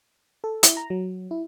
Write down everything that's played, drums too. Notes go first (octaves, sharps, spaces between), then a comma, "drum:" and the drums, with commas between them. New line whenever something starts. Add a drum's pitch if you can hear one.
A4
E4, drum: hi-hat
A#5
F#3
E4